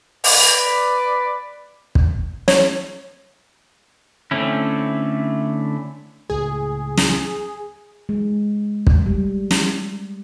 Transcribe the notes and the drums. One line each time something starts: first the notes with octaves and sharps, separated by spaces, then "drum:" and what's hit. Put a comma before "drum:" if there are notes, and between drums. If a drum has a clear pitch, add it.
B4 D5, drum: open hi-hat
drum: kick
C#5, drum: snare
D3 A3 C4 C#4 E4
C#2 A2 G#4
drum: snare
G#3
drum: kick
G3
drum: snare